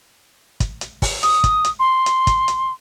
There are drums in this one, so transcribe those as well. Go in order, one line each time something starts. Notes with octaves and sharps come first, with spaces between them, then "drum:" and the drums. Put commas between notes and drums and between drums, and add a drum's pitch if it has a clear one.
drum: kick, hi-hat
drum: hi-hat
drum: kick, open hi-hat
D#6, drum: hi-hat
drum: kick, hi-hat
drum: hi-hat
C6
drum: hi-hat
drum: kick, hi-hat
drum: hi-hat